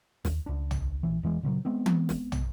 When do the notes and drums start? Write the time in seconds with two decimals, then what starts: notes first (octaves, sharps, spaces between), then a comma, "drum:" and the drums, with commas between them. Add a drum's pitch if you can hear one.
0.25 D#2, drum: snare
0.46 C#2 D4
0.71 drum: tom
1.03 A#1 E3
1.23 E1 E3 G#3
1.43 A#2 C#3 E3 F#3
1.65 G#3 B3 C4
1.86 drum: tom E3
2.09 drum: snare
2.32 drum: tom